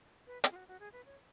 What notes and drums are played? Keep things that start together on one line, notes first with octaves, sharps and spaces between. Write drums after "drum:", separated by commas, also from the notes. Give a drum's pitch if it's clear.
B4
G#4, drum: hi-hat
F4
F#4
F#4
G#4
B4
C#5